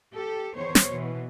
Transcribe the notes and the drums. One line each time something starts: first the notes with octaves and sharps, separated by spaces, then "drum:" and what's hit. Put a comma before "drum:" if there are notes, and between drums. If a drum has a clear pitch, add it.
G4 A4
E2 D#3 C5 C#5
drum: snare
B2 E3